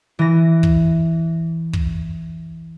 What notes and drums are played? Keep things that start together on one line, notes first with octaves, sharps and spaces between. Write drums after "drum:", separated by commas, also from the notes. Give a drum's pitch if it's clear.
E3 A#6
drum: kick
drum: kick